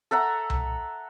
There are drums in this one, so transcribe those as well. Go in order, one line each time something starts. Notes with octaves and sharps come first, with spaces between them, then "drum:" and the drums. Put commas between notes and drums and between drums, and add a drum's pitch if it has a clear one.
A4 E5 F#5 A#5
drum: tom C2